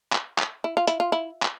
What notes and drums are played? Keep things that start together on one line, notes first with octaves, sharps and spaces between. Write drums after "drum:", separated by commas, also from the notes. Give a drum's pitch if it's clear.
drum: clap
drum: clap
E4
F4
E4, drum: hi-hat
F4
E4
drum: clap